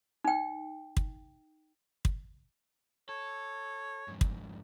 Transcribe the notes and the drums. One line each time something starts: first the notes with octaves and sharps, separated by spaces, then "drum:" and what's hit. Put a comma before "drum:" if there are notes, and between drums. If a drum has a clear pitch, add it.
D#4 G5
drum: kick
drum: kick
A4 C#5
F2 G#2
drum: kick